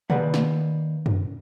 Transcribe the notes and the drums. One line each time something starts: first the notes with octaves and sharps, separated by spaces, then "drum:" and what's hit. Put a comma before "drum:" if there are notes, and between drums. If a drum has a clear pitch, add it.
D#3 A#3 B4 D5 F#5, drum: tom B2
drum: snare
drum: tom F#2